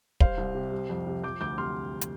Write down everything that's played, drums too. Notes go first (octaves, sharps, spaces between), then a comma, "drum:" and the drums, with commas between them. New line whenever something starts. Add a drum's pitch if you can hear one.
G3 C5 F5, drum: kick
C2
C3
G3
F2
C3
F3 D6 G6
D2 D6 G6
C3 C6 F6
drum: hi-hat